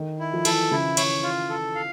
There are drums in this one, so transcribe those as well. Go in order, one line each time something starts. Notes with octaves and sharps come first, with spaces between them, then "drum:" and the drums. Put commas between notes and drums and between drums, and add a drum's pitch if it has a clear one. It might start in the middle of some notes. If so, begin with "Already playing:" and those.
Already playing: D#3
E4
F3
E3 A4, drum: cymbal
C#3 E4
C#5, drum: cymbal
F4
A4
F5